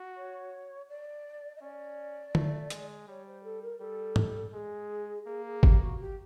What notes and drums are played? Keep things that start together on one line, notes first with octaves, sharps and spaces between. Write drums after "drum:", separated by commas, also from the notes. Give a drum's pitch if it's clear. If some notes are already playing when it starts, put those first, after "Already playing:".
Already playing: F#4
C#5
D5
D#5
C#4 D5
A3, drum: tom D3
G#3, drum: hi-hat
G3 C#5
C5
A4
A#4
G3 A4
drum: tom G#2
G#3 G#4
A#3 G#4
G#4
G4, drum: kick
F#4
G4